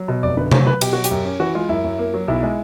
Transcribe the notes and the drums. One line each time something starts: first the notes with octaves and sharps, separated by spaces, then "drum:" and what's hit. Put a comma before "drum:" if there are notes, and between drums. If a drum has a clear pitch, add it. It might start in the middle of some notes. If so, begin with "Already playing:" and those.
Already playing: F#3
B2
F1 D5
D3 B4
F#3 C5, drum: tom C3
F#3 B4
B2 G4, drum: cymbal
F#3 F#4
G4, drum: hi-hat
F#2
C#4
E3 F#4
G#3 F4
F#2 E4
F#2
A#3
F#3
B1 E4
G#3